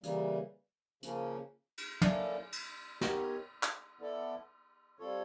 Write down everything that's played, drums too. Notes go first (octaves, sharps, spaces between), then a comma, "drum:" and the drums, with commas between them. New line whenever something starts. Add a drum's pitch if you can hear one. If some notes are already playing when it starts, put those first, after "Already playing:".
C#3 E3 G3 A#3, drum: hi-hat
C#3 F3 A#3 C#4, drum: hi-hat
drum: cymbal
A#3 C#4 E4 A4 D5, drum: tom
drum: cymbal
B3 D#4 G4 A#4 C#5, drum: snare
drum: clap
B3 E4 A4 D5
G3 C4 F4 A4 C#5